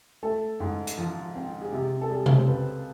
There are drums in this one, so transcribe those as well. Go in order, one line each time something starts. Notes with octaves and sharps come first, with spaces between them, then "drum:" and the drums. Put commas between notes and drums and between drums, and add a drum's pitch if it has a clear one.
A3 A4
G#2
drum: hi-hat
F3
C4
G#4
C3 G4
A4
G3 G#4
drum: tom C3
C5
C#2 B4